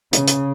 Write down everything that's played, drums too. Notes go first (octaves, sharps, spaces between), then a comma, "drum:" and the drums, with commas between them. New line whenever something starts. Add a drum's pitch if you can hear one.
C#3, drum: hi-hat
drum: hi-hat